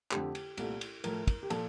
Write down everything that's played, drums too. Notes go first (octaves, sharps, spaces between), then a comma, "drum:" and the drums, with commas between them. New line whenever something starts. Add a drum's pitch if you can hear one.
F2 D3 A3 G4, drum: clap
drum: cymbal
C2 A#2 A3, drum: cymbal
drum: cymbal
A2 F3 A3 A#4, drum: cymbal
drum: kick, cymbal
G4
A#2 F3 A4, drum: cymbal